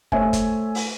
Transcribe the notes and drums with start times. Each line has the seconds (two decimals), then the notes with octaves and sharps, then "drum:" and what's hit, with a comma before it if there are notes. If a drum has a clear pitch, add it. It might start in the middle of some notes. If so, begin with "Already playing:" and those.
0.12 A3 C5 C#5 E5 G#5, drum: kick
0.33 drum: kick, hi-hat
0.75 drum: open hi-hat